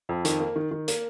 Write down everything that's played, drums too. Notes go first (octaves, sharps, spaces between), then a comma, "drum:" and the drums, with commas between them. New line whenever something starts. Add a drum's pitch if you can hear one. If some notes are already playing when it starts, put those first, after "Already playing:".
F2
D#3, drum: hi-hat
A#3
D#3
D#3
A#3, drum: hi-hat